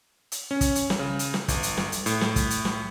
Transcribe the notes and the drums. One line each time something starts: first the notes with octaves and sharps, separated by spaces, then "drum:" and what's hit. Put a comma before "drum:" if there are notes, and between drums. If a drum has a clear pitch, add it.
drum: hi-hat
C#4
drum: kick, hi-hat
drum: hi-hat
drum: snare
C#3
drum: hi-hat
drum: snare
G1, drum: kick, hi-hat
drum: hi-hat
drum: snare
drum: hi-hat
A2, drum: hi-hat
drum: snare
drum: kick, hi-hat
drum: hi-hat
drum: snare